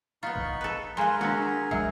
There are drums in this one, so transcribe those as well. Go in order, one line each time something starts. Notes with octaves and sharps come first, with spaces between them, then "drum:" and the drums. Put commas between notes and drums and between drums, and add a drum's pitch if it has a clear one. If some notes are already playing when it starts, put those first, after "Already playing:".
B3 D#4 F4 B5 C#6
drum: kick
A4 B4
G#3 G#4 A#4 B4 F5 G#5 C6
G#3 D4 F#4, drum: snare
F#3 G#3 E5, drum: kick